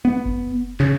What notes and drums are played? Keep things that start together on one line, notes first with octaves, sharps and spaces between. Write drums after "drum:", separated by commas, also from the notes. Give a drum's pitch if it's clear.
B3
drum: kick F#1
C#3, drum: clap